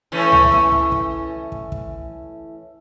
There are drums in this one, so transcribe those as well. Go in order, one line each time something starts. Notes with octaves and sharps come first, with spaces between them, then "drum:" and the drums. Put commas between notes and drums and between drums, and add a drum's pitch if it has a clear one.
E3 A3 C#4
drum: tom C#2
drum: snare E4
drum: kick
drum: kick
drum: kick
drum: kick